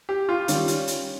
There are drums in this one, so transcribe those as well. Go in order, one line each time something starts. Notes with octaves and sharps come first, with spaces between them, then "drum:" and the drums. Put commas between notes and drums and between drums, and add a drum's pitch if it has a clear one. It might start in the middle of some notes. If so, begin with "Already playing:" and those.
G4
F4
D#3 G3 C#4, drum: hi-hat
drum: hi-hat
drum: hi-hat